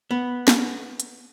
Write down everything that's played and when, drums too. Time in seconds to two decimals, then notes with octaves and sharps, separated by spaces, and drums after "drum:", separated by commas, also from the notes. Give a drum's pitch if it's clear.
0.11 B3
0.48 drum: snare
1.00 drum: hi-hat